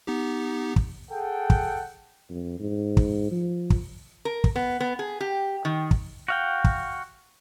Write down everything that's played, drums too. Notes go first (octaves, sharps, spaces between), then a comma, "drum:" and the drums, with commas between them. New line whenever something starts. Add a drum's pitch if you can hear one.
B3 D#4 G4
drum: kick
G#4 A4 F#5 G5
drum: kick
F2
G#2
drum: kick
F3
drum: kick
A#4
drum: kick
B3
B3
G#4
G4
D#3
drum: kick
F#4 F5 G5
drum: kick